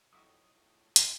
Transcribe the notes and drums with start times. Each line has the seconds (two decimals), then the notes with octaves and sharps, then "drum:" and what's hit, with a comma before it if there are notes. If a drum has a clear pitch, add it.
0.13 F2 F#3 D#4 E4 F#4 C#5 D#6
0.55 A2 F4 G#4 C#5
0.96 drum: hi-hat